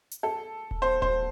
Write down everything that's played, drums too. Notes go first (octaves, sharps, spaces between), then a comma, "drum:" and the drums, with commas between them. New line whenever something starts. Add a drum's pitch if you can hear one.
drum: hi-hat
A4
drum: kick D#1
C5
C5, drum: kick D#1